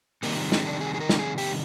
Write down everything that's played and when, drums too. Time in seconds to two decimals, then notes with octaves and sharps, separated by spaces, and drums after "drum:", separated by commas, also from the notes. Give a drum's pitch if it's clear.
0.23 C3 D#3 G3 A#3, drum: open hi-hat
0.52 C4, drum: snare
0.66 D4
0.81 G#4
0.94 G#4
1.00 A#4
1.09 drum: snare
1.19 G#4
1.38 G4, drum: open hi-hat